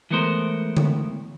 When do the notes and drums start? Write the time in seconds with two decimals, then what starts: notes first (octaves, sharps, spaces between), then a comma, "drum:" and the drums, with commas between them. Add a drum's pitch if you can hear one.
0.11 E3 G#3 A3 B3 A#4 C5
0.77 drum: tom D3